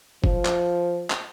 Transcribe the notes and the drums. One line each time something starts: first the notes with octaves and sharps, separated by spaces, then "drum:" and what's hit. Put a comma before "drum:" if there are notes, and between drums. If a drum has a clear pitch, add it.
F3, drum: kick F#1
drum: clap
drum: clap